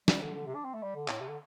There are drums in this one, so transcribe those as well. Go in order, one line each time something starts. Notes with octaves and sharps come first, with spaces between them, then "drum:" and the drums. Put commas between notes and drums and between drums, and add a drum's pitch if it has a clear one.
G3, drum: snare
D3
D3
C3
D4
C4
A3
G3
D3
A2, drum: clap
C3
D3